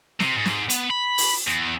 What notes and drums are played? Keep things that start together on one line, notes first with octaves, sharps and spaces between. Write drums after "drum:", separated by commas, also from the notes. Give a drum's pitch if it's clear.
C3, drum: snare
G#2
drum: snare
B3, drum: hi-hat
B5
drum: open hi-hat
E2